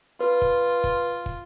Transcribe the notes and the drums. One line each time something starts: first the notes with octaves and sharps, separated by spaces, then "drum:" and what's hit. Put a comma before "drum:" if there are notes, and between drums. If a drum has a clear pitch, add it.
F4 B4
drum: kick
drum: kick
drum: kick